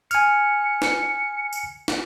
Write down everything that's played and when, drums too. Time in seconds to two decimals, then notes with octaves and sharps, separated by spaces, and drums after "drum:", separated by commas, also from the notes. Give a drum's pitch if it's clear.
0.11 G#5 F6 C#7, drum: tambourine
0.82 drum: snare
1.53 drum: tambourine
1.88 drum: snare